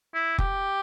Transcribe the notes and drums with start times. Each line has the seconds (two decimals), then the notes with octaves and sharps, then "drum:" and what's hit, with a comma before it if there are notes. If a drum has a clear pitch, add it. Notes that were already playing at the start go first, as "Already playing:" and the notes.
0.14 E4
0.38 G4, drum: kick F1